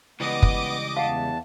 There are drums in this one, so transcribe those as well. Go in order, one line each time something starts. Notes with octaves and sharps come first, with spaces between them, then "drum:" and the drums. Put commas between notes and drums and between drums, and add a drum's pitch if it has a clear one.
C#2 E3 G3 B3 D#5 D6 D#6
drum: kick
E2 F5 F#5 A5